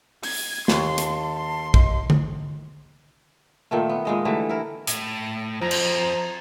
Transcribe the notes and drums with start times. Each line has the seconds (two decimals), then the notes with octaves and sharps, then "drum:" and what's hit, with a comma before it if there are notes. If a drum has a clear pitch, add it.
0.23 G#6, drum: open hi-hat
0.68 D#2 C6 C#6, drum: snare
0.98 A5, drum: hi-hat
1.37 C6
1.74 D#5, drum: kick A#1
2.10 drum: tom D3
3.71 A#2 D#3 A3
3.89 B3
4.05 A#2 G#3 D#5
4.25 D3 E3 G3 A3
4.49 E4 A#4
4.87 A2, drum: hi-hat
5.61 F2 F3 C5 A#5
5.71 drum: cymbal